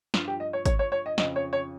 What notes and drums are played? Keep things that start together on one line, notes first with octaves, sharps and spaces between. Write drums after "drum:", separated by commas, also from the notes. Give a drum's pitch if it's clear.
G2 F3 F4, drum: snare
G4
D#5
C#5
C#5, drum: kick G#1, hi-hat
C#5
C#5
D#5
F2 C#3 F3 D#5, drum: snare
C#5
C#5